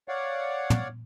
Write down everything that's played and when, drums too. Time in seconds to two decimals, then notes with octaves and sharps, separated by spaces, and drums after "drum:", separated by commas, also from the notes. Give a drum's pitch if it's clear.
0.08 C#5 D5 F5 F#5
0.70 drum: tom